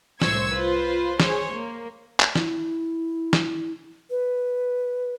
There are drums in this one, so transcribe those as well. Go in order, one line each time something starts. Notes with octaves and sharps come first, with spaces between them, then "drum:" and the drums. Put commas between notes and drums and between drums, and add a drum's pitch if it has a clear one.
C2 A2 C5 C#6 E6 G#6, drum: snare
F4 B4 C5
G#4 C5 C#5, drum: snare
A#3
drum: clap
E4, drum: snare
drum: snare
B4